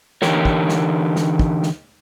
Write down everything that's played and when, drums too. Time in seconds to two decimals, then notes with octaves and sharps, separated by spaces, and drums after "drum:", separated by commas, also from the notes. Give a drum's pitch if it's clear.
0.22 D3 E3 D#4 G4 A#4 C#5, drum: snare
0.45 drum: kick
0.69 drum: snare
1.16 drum: snare
1.39 drum: kick
1.63 drum: snare